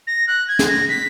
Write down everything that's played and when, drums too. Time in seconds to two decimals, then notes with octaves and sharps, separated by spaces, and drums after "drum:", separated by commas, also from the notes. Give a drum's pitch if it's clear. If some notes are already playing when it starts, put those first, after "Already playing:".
0.07 A#6
0.28 F#6
0.48 G#6
0.59 drum: snare
0.69 A#6
0.89 B6